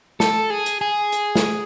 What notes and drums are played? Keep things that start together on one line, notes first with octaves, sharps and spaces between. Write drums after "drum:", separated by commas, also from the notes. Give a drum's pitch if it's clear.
A4, drum: snare
G#4
drum: hi-hat
G#4
drum: hi-hat
drum: snare